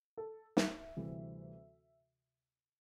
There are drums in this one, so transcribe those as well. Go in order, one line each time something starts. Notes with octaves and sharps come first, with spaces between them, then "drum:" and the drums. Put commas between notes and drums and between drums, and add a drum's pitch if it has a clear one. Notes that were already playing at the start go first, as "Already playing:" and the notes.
A4
E5, drum: snare
D2 C3 E3 G3